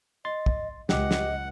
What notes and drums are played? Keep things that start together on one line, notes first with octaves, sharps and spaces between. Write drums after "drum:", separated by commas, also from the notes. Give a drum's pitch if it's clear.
D#5 C6 A6
drum: kick
C#2 G4 D#5 F#5 D6, drum: snare
drum: snare